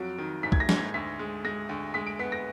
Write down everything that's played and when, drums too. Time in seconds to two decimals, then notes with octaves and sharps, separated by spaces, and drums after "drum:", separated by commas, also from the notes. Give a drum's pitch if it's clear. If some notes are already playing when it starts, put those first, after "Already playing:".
Already playing: F2 F#3 D7
0.18 D#3
0.43 G#2 B6
0.52 G#6, drum: kick
0.60 A#6
0.69 G#2, drum: snare
0.77 G#6
0.94 D2 B6
1.19 G#3
1.44 G#3 A#6
1.69 D2
1.94 G#3 B6
2.07 D7
2.19 B3 B6
2.32 A#6